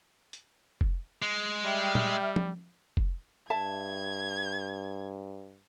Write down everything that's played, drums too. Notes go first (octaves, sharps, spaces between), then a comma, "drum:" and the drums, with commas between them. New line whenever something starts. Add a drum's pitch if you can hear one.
drum: hi-hat
drum: kick F1
G#3
G3 E5 G5 F6
drum: tom A#2
drum: tom
drum: kick F1
G2 E5 A5 G#6